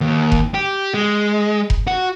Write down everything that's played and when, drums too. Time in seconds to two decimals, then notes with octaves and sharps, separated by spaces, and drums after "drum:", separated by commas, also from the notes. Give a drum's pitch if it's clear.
0.01 D#2
0.32 drum: kick F1
0.54 G4
0.94 G#3
1.70 drum: kick F1
1.87 F#4